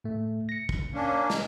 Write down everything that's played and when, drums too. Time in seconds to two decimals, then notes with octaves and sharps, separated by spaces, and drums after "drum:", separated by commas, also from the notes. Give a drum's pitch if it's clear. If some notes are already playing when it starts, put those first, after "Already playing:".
0.04 A2 A3
0.49 A#6 C#7
0.69 drum: kick
0.93 A#3 C#4 D4
1.30 drum: snare